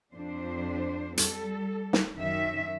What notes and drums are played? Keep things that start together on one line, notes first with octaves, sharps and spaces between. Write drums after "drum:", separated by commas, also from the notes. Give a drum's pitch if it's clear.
F2 D4 C5
G3 A4, drum: hi-hat
drum: snare
F#2 D#3 E5